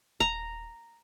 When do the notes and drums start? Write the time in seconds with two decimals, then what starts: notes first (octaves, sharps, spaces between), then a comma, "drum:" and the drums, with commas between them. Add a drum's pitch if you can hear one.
0.20 A#5, drum: kick D#1